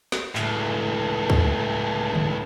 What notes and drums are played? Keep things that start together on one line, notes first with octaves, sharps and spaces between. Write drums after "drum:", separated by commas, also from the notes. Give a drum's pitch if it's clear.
drum: snare
C#2 A2, drum: clap
drum: kick
drum: tom D3